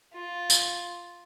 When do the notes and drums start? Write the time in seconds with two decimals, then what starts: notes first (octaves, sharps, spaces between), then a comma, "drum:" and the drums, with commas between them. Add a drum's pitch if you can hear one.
0.14 F4
0.50 drum: tambourine